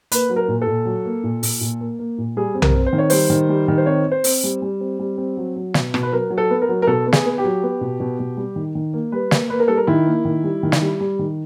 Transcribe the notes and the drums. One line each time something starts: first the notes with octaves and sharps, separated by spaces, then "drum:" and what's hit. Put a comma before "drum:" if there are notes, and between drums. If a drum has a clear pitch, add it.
A#3 B4, drum: hi-hat
F#3
A#4
A#2
A4
A#2
F#3
A#3
A#2
A#2, drum: open hi-hat
A#2
A#3
A#3
A#2
G3 G#4
C4
A#4, drum: tom B1
C4
C5
D#3
C#5
G3 C5, drum: open hi-hat
D#3
G3
D#3
C5
C4 C#5
C4
C5
C4, drum: open hi-hat
G3
G3
C4
G3
C4
F#3
F#3
B2, drum: snare
B2, drum: rim click
B4
F#3 A#4
F#3
A4
B3
A#4
F#3
A#4
B2 A4
B3
G#4, drum: snare
B3
G4
F#3
B3
B2
B2
B2
G3
D#3
D#3
A#3
G3 B4
A#3, drum: snare
A#3 B4
A#4
G3 A4
A#4
D#3 E4
A#3
D#3
G3
D#3
drum: snare
G3
G3
D#3